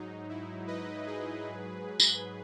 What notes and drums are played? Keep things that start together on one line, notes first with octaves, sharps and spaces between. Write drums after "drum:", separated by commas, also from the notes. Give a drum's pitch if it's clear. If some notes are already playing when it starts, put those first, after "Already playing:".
Already playing: G#2 F#3 D#4
E4
B4 D#5
G#4 B4
G#2 F#3
drum: tambourine